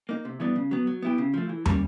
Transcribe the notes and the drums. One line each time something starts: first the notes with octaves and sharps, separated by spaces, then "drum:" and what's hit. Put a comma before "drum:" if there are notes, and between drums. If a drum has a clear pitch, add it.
A#3 D#4
C3
E3 G3 B3 D4
C#3
F#3 B3
F#3
B3 E4 G4
C#3
F3 A3
E3
G3 A#3 C#4, drum: tom